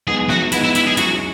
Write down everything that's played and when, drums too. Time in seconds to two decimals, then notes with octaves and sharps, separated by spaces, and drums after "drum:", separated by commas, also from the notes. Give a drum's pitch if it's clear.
0.07 G#3 B3 D#4 G#4
0.29 F#4, drum: snare
0.52 G#3 B3 D#4 E4, drum: hi-hat
0.63 E4
0.75 E4, drum: hi-hat
0.86 G#4
0.97 F#2 E3 G#3 D#4 F#4, drum: hi-hat